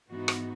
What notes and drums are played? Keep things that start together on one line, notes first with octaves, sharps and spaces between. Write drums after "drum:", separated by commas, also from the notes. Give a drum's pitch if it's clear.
G#2 E3 B3 D#4 F#4
drum: rim click